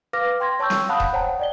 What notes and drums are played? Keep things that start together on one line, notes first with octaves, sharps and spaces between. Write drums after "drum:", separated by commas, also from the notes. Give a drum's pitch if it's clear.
B4 F5 D6 F6 A#6
G5 C6 G#6 A#6
C#5 A5 C#6 E6 G6
drum: snare
F5 F#5 A5 B5 D#6 F#6
drum: kick D#1
C5 C#5 F#5 G5 A5 A#5
D5 D#5 G7